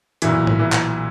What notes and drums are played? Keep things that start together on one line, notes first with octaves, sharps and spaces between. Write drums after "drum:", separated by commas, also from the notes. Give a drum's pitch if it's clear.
B1 A#2 E3 F#3 E4, drum: hi-hat
drum: tom A2
E3 E4
drum: clap